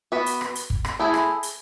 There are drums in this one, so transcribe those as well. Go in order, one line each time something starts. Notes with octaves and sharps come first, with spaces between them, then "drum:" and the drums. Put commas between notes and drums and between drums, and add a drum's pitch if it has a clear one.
B3 F#4 B4
drum: hi-hat
drum: rim click
drum: hi-hat
drum: kick
drum: rim click
A3 E4 G#4
drum: rim click
drum: hi-hat